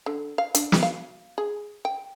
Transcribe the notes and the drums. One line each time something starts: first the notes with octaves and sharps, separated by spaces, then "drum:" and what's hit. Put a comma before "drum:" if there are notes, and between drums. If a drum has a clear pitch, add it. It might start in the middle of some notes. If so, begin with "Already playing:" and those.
D3
F5
D4, drum: hi-hat
drum: snare
F5
G#4
G5